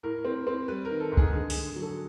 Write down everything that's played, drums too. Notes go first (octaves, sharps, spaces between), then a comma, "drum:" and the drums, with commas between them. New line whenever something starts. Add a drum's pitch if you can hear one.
A2 A#4
C4
C4
G3 B4
D#3 A#4
A4
G#2
G#4, drum: kick C2
D3 G#4
G#4, drum: open hi-hat
D3
F#3
A4